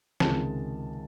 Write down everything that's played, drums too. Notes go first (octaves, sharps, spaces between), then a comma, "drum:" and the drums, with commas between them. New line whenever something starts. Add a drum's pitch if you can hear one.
C#2 C3 D#3 G#3 A5, drum: snare